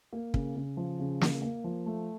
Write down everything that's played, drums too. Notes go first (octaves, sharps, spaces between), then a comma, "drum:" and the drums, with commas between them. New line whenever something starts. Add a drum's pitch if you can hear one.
A#3
C#3, drum: kick
C#3
F3
C#3
A#3, drum: snare
A#3
F3
A3